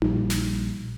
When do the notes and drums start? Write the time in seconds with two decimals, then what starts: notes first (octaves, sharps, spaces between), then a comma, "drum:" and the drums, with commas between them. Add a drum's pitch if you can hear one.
0.02 A#1 G3, drum: tom D#4
0.30 drum: snare